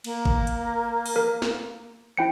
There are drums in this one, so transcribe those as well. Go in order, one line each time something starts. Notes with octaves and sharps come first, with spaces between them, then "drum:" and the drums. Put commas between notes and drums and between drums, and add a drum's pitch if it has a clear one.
A#3, drum: cymbal
drum: kick G#1
drum: hi-hat
drum: open hi-hat
A#4
drum: snare
E4 C5 G5 C#7